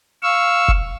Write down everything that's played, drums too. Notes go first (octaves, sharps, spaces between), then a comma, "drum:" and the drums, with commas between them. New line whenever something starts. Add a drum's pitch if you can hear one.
F5 C#6 E6
drum: kick F1